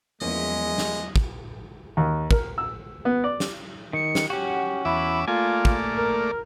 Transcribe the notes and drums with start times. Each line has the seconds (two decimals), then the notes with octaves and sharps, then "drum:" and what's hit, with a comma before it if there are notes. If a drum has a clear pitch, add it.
0.21 E2 F3 F#3 G#3 A#3 C#4 D#5
0.78 drum: snare
1.16 drum: kick
1.97 D#2
2.31 A#4, drum: kick
2.58 E6
3.05 B3
3.24 D5
3.40 drum: snare
3.93 D#3 C#7
4.15 drum: snare
4.30 C#4 F#4 G4 F#5
4.85 E2 E4 E5 B5 D6
5.28 A3 A#3 F4 D5 G#5 F6
5.65 drum: kick
5.97 A#4